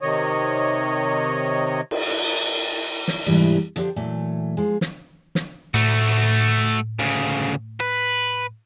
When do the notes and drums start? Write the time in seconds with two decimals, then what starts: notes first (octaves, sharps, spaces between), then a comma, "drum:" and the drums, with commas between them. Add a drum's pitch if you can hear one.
0.01 C3 D#3 C#5 D#5
1.91 drum: cymbal
2.09 drum: hi-hat
3.08 drum: snare
3.26 G#2 C3 E3 G3 D4 E4, drum: hi-hat
3.76 D3 F3 D4 G4 D5, drum: hi-hat
3.96 A#2 E3 F#3 A3
4.57 F3 G#3
4.81 drum: snare
5.35 drum: snare
5.74 A2 A3 F#4
6.99 D2 C#3
7.80 B4